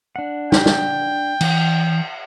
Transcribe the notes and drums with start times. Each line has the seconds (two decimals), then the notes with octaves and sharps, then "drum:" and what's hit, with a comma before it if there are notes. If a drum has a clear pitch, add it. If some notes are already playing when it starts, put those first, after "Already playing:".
0.16 D4 F#5
0.52 G5, drum: snare
0.66 drum: snare
1.41 E3, drum: cymbal